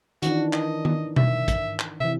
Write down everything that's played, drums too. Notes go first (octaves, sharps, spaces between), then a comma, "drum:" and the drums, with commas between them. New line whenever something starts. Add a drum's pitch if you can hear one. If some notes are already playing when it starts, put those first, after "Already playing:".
D#3 E3 D4 F#4, drum: hi-hat
D#5, drum: clap
drum: tom D#3
E5, drum: tom B2
drum: kick, hi-hat
drum: clap
C3 E3 E5